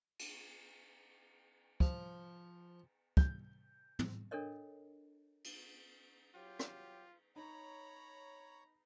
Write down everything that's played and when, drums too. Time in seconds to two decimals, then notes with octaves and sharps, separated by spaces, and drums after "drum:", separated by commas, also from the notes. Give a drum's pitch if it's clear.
0.19 drum: cymbal
1.80 F3, drum: kick
3.17 G6, drum: kick
3.99 drum: tom
4.31 D4 A4 A#4 C#5 D#5
5.44 drum: cymbal
6.34 F#3 F4 G4
6.59 drum: rim click
7.36 D#4 C#5 A#5 B5